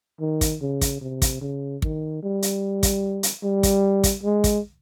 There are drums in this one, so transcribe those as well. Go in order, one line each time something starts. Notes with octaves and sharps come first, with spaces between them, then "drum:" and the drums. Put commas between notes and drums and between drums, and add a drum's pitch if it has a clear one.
D#3
drum: kick, hi-hat
C#3
drum: kick, hi-hat
C3
drum: kick, hi-hat
C#3
D#3, drum: kick
G3
drum: hi-hat
drum: kick, hi-hat
drum: hi-hat
G3
drum: kick, hi-hat
drum: kick, hi-hat
G#3
drum: kick, hi-hat